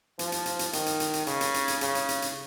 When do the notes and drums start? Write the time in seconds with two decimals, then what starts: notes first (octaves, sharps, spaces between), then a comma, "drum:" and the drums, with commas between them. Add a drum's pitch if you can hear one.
0.19 F3, drum: hi-hat
0.32 drum: hi-hat
0.46 drum: hi-hat
0.59 drum: hi-hat
0.73 D#3, drum: hi-hat
0.86 drum: hi-hat
1.00 drum: hi-hat
1.13 drum: hi-hat
1.27 C#3, drum: hi-hat
1.41 drum: hi-hat
1.54 drum: hi-hat
1.68 drum: hi-hat
1.81 C#3, drum: hi-hat
1.95 drum: hi-hat
2.09 drum: hi-hat
2.22 drum: hi-hat